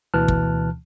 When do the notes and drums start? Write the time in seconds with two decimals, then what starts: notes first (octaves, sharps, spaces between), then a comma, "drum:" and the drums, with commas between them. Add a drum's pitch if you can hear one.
0.14 D2 B2 E3 A5 F6 F#6
0.28 drum: kick